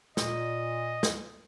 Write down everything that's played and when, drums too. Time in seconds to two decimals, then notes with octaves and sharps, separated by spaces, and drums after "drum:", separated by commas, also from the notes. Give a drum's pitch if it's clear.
0.17 A#2 D#5, drum: snare
1.03 drum: snare